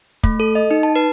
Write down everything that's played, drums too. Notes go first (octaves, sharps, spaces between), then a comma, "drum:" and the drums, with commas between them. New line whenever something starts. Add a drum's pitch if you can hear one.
A3, drum: kick
A4
D#5
D#4
A5
B4